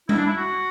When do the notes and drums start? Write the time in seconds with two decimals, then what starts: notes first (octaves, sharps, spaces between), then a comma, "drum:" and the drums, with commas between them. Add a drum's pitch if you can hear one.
0.09 E4, drum: tom G3
0.18 D4
0.26 E4
0.36 F#4